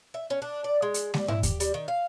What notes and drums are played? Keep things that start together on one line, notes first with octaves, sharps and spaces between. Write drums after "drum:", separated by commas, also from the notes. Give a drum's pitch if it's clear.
E5
C#4
D4
D5
G#3
drum: hi-hat
G3, drum: snare G#3
E4, drum: tom G#2
G4, drum: kick D#2, hi-hat
G3, drum: hi-hat
D#3
F5